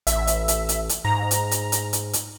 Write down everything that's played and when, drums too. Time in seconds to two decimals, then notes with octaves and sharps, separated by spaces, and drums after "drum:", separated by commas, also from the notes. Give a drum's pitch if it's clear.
0.07 A1 E5, drum: hi-hat
0.27 drum: hi-hat
0.48 drum: hi-hat
0.69 drum: hi-hat
0.89 drum: hi-hat
1.05 G#2 A#5
1.31 drum: hi-hat
1.51 drum: hi-hat
1.72 drum: hi-hat
1.93 drum: hi-hat
2.13 drum: hi-hat